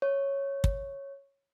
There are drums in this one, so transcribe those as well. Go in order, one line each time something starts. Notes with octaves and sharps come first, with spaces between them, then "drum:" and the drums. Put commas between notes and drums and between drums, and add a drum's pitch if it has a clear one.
C#5
drum: kick